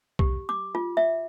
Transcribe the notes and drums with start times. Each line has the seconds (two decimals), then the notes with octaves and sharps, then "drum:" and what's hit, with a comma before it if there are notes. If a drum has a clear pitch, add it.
0.19 G4, drum: kick B1
0.49 D6
0.75 F4
0.97 E5